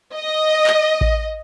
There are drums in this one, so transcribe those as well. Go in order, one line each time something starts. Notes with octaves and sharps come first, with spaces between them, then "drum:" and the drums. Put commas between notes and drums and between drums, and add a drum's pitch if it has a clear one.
D#5
drum: clap
drum: kick A1